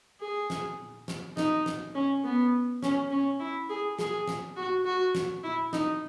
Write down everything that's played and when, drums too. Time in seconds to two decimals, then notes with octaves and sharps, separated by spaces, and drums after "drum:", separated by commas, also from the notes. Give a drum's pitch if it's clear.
0.21 G#4
0.50 drum: snare
1.08 drum: snare
1.37 D#4, drum: snare
1.66 drum: snare
1.95 C#4
2.24 B3
2.83 C#4, drum: snare
3.11 C#4
3.40 E4
3.69 G#4
3.99 G#4, drum: snare
4.27 drum: snare
4.57 F#4
4.85 F#4
5.15 drum: snare
5.43 E4
5.73 D#4, drum: snare